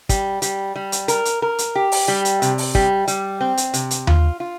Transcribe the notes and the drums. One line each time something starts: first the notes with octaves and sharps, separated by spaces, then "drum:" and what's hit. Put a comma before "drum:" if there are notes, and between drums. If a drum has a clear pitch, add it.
G3, drum: kick, hi-hat
G3, drum: hi-hat
G3
drum: hi-hat
A#4, drum: hi-hat
drum: hi-hat
A#4
drum: hi-hat
G4
drum: open hi-hat
G3
drum: hi-hat
C3, drum: hi-hat
drum: open hi-hat
G3, drum: kick
G3, drum: hi-hat
C4
drum: hi-hat
C3, drum: hi-hat
drum: hi-hat
F4, drum: tom D#2
F4